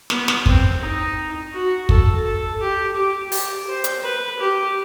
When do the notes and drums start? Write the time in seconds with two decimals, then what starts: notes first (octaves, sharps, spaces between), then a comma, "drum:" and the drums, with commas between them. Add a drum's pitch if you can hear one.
0.10 B3, drum: snare
0.28 drum: snare
0.46 C4, drum: kick
0.81 D#4
1.53 F#4
1.89 A4, drum: kick
2.25 A4
2.60 G4
2.96 G4
3.32 G4, drum: open hi-hat
3.68 C5
3.84 drum: hi-hat
4.03 B4
4.40 G4